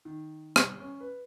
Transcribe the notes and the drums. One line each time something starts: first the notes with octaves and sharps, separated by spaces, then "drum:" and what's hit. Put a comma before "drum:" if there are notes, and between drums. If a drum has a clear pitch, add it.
D#3
drum: rim click
C#4
B4